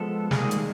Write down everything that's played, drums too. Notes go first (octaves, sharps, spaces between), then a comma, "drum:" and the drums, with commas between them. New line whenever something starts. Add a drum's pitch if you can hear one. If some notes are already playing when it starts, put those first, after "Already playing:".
Already playing: F3 G#3 B3 A4
D#3 G3 G#3 A#3 D#4 G#4, drum: snare
drum: hi-hat